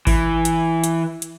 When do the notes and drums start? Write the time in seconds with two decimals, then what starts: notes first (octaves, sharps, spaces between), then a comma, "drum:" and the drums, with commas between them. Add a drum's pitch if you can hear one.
0.07 E3, drum: kick G#1, open hi-hat
0.45 drum: hi-hat
0.84 drum: hi-hat
1.22 drum: hi-hat